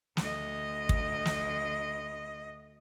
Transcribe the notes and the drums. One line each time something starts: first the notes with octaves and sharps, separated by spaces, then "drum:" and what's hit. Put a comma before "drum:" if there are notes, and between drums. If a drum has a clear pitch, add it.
D2 D#5, drum: snare
drum: kick
drum: snare